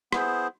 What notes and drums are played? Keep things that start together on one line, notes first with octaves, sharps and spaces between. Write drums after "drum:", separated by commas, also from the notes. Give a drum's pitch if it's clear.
B3 E4 G#4 C5, drum: rim click